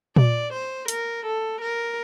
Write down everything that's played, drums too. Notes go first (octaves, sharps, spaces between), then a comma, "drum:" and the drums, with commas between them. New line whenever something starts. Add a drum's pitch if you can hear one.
D5, drum: tom A#2
C5
A#4, drum: hi-hat
A4
A#4